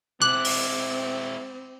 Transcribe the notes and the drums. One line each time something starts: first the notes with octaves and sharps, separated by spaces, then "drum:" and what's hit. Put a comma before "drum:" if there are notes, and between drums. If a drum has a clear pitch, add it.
G#3 C4 E4 D6 F#6
drum: open hi-hat